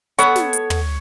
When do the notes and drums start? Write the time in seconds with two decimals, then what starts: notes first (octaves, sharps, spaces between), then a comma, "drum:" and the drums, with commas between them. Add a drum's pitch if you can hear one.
0.18 B3 A4 C#5 F#5, drum: hi-hat
0.36 drum: snare
0.53 drum: hi-hat
0.70 drum: tom